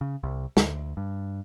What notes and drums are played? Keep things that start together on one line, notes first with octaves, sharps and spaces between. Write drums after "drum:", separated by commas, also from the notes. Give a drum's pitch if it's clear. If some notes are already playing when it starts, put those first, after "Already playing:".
C#3
C2
D2, drum: snare
G2